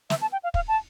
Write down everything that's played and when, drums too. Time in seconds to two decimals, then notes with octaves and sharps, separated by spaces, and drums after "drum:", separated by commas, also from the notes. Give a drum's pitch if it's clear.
0.10 E5, drum: snare
0.21 A5
0.32 G5
0.44 F5
0.54 F5, drum: kick
0.68 A5